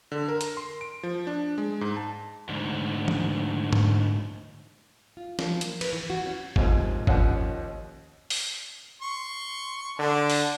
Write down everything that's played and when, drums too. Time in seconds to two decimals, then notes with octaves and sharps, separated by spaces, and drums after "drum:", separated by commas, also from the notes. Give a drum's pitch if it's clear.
0.12 D3
0.28 A#4
0.41 drum: hi-hat
0.57 C6
0.81 D7
1.03 F3
1.27 D4
1.58 G#3
1.81 G#2
1.96 A5
2.49 D2 G#2
3.08 drum: tom
3.73 drum: tom G#2
5.17 F4
5.39 F3, drum: snare
5.61 A#3, drum: hi-hat
5.81 B4, drum: cymbal
5.93 E3
6.10 F#4
6.26 C#4
6.56 D#2 G#2 C3 F3, drum: kick G#1
7.07 D#2 F3 C#4 D5 F#5, drum: kick G#1
8.30 drum: open hi-hat
9.02 C6 C#6
9.99 D3 D4
10.30 drum: open hi-hat